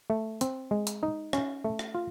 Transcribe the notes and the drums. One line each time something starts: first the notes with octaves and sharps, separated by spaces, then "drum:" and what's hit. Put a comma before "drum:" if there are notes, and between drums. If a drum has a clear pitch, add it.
A3
C4, drum: hi-hat
G#3
drum: hi-hat
D#4
C#4, drum: rim click
A3
drum: rim click
F4